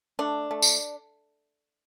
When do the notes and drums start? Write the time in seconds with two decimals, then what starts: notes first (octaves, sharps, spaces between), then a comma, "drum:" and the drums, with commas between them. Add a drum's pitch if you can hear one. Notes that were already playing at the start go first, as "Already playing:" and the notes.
0.19 A3 D4
0.51 A3
0.62 drum: tambourine